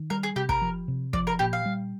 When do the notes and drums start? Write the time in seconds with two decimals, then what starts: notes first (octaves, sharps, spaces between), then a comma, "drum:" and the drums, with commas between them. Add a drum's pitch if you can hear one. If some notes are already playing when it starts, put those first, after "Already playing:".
Already playing: D#3
0.10 G3 A#4
0.23 G#4
0.36 C3 G4
0.49 A#4, drum: kick
0.62 F3
0.88 C3
1.13 F3 D5, drum: kick
1.27 A#4
1.39 A#2 G4
1.53 F5
1.66 G3